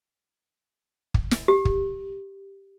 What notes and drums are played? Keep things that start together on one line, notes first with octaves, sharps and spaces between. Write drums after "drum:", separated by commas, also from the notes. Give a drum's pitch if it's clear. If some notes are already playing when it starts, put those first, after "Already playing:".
drum: kick
drum: snare
G4
drum: kick